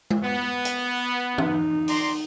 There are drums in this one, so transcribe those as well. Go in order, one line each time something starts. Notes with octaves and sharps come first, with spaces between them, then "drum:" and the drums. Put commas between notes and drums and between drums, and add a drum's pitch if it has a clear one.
drum: tom G#3
B3
drum: hi-hat
D#4, drum: tom
D5 A#5 C6, drum: open hi-hat